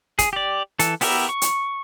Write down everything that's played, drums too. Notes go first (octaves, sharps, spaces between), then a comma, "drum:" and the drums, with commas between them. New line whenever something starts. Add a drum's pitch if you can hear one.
G#4, drum: kick, hi-hat
G4 D5
E3 A4, drum: hi-hat
B3 E4 G4 A#4 E5, drum: open hi-hat
C#6
drum: hi-hat